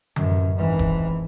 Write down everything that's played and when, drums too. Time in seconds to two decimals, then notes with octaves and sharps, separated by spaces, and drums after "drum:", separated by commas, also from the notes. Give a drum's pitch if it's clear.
0.16 A1 F#2, drum: tom D3
0.56 G#1 E3
0.79 drum: kick